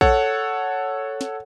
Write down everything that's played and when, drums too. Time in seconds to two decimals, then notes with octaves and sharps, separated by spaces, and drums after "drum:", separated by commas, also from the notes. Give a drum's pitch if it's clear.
0.01 A4 C#5 F#5, drum: kick A#1
1.21 drum: snare